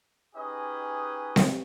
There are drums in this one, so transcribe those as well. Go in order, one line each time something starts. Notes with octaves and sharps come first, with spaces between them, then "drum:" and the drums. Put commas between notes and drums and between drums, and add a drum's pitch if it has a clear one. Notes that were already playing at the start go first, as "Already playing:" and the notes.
C#4 D#4 G4 G#4 B4 D#5
drum: snare C4